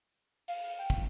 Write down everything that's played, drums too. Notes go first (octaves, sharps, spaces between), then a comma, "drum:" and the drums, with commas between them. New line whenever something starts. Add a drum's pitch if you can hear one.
F5, drum: open hi-hat
F5
G5
drum: kick